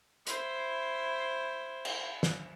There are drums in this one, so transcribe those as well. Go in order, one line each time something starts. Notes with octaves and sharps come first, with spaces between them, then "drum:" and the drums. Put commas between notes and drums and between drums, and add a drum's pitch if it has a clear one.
E4 C5, drum: hi-hat
drum: cymbal
drum: snare